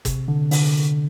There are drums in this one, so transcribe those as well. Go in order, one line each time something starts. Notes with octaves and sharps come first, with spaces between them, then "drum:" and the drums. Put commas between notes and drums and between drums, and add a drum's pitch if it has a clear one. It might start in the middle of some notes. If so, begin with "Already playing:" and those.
C3, drum: kick, hi-hat
D3
D3, drum: open hi-hat